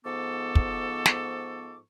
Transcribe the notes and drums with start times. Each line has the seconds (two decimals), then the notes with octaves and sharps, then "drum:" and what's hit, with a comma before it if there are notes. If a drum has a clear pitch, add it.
0.05 G#2 F3 B3 A4 C#6 D6
0.55 drum: kick
1.06 drum: snare